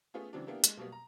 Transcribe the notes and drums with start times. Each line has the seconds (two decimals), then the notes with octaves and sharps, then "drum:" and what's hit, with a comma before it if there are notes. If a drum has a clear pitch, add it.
0.14 A3 B3 C#4 F4 G#4
0.33 C#3 E3 F#3 C4 D4
0.47 A#3 B3 D4 E4 G4
0.64 G#3, drum: hi-hat
0.77 B2 F#3 G3 A#3 B3
0.92 A#5